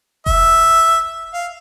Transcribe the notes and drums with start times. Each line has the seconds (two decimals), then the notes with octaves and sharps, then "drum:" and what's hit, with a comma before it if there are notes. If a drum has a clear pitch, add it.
0.26 E5, drum: kick F1
1.34 F5